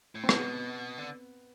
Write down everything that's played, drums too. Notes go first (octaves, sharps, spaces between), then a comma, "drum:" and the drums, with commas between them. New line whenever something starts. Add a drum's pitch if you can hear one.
A2
C4
B2 B3, drum: rim click
D3